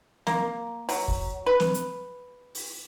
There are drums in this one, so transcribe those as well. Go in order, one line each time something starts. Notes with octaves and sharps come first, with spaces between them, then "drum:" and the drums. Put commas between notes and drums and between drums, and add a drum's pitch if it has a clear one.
A#3, drum: snare
F#3, drum: open hi-hat
drum: kick
B4
drum: snare
drum: hi-hat
drum: open hi-hat